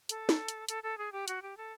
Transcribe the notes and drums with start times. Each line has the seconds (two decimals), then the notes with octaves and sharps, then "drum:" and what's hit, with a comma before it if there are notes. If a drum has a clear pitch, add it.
0.09 A4, drum: hi-hat
0.29 drum: snare
0.48 drum: hi-hat
0.68 A4, drum: hi-hat
0.83 A4
0.98 G#4
1.12 G4
1.28 F#4, drum: hi-hat
1.42 G4
1.57 A4